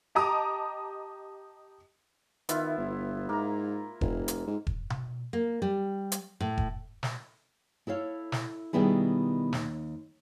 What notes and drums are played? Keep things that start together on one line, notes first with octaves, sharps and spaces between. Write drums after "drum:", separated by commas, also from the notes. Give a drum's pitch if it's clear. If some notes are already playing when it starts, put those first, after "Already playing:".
G4 D#5 A5 A#5 D6 D#6
D#3 B3 E4 F4, drum: hi-hat
G1
G#2 A#3 A#5
F1, drum: kick E1
drum: hi-hat
G#2
drum: kick E1
drum: tom B2
A#3
G3
drum: hi-hat
A2
drum: kick E1
drum: snare
E4 A4 C#5 F5
drum: snare
B2 D#3 G3 B3 E4 G#4
D#2, drum: snare